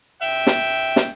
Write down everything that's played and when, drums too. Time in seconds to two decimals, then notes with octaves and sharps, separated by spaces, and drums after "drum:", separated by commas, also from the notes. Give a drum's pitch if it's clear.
0.22 E5 G5
0.47 drum: snare
0.96 drum: snare